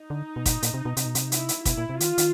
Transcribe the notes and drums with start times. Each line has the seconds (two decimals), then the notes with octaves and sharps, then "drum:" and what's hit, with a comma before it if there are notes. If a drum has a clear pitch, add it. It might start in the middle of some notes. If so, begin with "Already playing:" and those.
Already playing: D#4
0.10 D3
0.36 B2
0.46 A#2, drum: kick, hi-hat
0.63 A#2, drum: hi-hat
0.74 C3
0.85 B2
0.97 C3, drum: hi-hat
1.06 B2
1.15 C3, drum: hi-hat
1.32 E4, drum: hi-hat
1.49 drum: hi-hat
1.65 B2 E4, drum: kick, hi-hat
1.77 A#2
1.89 C3
2.00 D#3 F4, drum: hi-hat
2.18 D#3, drum: hi-hat